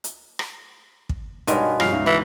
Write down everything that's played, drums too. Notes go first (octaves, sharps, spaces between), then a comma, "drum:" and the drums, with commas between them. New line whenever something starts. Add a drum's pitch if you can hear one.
drum: hi-hat
drum: rim click
drum: kick
G2 B2 G#3 B3 D#4 A#4 C#5, drum: hi-hat
G2 C#3 F3 F#4 F5, drum: rim click
C#2 D#4 E5
E3 E4